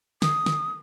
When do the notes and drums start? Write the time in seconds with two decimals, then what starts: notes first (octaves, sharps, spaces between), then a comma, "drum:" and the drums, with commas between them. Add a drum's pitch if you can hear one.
0.22 D#6, drum: snare
0.46 drum: snare